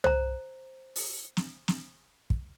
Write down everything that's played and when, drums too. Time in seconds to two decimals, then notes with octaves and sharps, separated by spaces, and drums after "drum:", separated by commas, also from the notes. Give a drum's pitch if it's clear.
0.04 C5 A#5, drum: tom
0.96 drum: open hi-hat
1.37 drum: snare
1.68 drum: snare
2.30 drum: kick